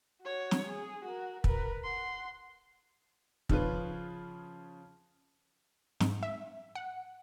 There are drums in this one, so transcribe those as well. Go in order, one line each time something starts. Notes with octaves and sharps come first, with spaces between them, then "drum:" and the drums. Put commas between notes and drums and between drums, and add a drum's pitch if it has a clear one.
F#4 C#5
drum: snare
G#4
F#4 A#4
A#4 B4, drum: kick
F#5 C6
C#3 F3 C#4 F4 B4, drum: kick
G#2, drum: snare
E5
F#5